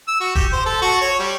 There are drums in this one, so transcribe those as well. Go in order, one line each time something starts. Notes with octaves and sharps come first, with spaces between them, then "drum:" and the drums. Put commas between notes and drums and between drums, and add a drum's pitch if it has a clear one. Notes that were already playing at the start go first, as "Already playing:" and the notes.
E6
F#4
G4, drum: kick
C5
A4
F#4
C#5
G3